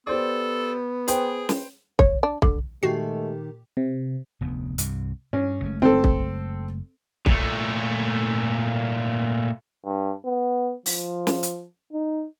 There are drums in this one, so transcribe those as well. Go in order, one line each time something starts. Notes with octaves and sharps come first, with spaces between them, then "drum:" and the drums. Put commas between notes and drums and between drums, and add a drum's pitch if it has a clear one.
B3 G4 A4 C5 D5
G#4 B4 C5 G5, drum: hi-hat
drum: snare
C#5, drum: kick
D4
D3, drum: kick
A#2 D#3 G#3 A3 F#4 G4 C7
C3
F1 D2 B3
C2 G2 C3, drum: hi-hat
G2 C#4
F#1 G#3 A3
C4 A4
drum: kick
A#2 A3, drum: kick
G2
B3
F3, drum: open hi-hat
drum: snare
drum: hi-hat
D#4